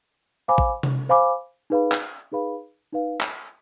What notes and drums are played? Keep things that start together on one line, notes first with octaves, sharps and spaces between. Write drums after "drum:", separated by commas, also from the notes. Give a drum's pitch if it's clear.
C5 F5 G#5 B5 D6
drum: kick A1
drum: tom C3
C5 F5 G#5 B5 D6
D#4 G#4 B4 F5 B5
drum: clap
D#4 G#4 B4 F5 B5
D#4 B4 F5
drum: clap